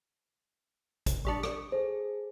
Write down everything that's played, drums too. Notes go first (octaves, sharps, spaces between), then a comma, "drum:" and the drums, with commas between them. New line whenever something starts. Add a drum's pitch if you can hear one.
drum: kick A1, hi-hat
A#1 G3 D4 C#6 D#6 C#7
drum: rim click
G#4 A4 C5